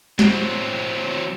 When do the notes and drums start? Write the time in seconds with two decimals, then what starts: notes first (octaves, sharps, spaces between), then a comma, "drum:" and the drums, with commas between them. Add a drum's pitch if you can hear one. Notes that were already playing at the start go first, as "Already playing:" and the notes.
0.19 F#3 C4, drum: snare